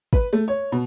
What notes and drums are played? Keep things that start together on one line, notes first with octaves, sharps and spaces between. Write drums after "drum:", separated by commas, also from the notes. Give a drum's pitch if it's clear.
B4, drum: kick
A3
C#5
B2